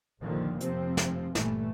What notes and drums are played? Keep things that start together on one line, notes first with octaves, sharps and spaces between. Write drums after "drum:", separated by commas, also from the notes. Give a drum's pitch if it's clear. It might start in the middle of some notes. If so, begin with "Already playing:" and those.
A#1 D#2 A#2 D3 D#3 F3
F1 C3 F3 C4, drum: hi-hat
drum: snare
G1 A#2 E3 A3, drum: snare